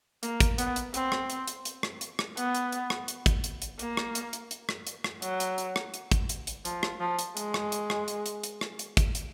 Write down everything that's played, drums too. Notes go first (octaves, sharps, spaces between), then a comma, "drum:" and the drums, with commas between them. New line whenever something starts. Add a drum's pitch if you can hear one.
A#3, drum: hi-hat
drum: kick, hi-hat
B3, drum: hi-hat
drum: hi-hat
C4, drum: hi-hat
drum: rim click
drum: hi-hat
drum: hi-hat
drum: hi-hat
drum: rim click
drum: hi-hat
drum: rim click
B3, drum: hi-hat
drum: hi-hat
drum: hi-hat
drum: rim click
drum: hi-hat
drum: kick, hi-hat
drum: hi-hat
drum: hi-hat
A#3, drum: hi-hat
drum: rim click
drum: hi-hat
drum: hi-hat
drum: hi-hat
drum: rim click
drum: hi-hat
drum: rim click
F#3, drum: hi-hat
drum: hi-hat
drum: hi-hat
drum: rim click
drum: hi-hat
drum: kick, hi-hat
drum: hi-hat
drum: hi-hat
F3, drum: hi-hat
drum: rim click
F3
drum: hi-hat
G#3, drum: hi-hat
drum: rim click
drum: hi-hat
drum: rim click
drum: hi-hat
drum: hi-hat
drum: hi-hat
drum: rim click
drum: hi-hat
drum: kick, hi-hat
drum: hi-hat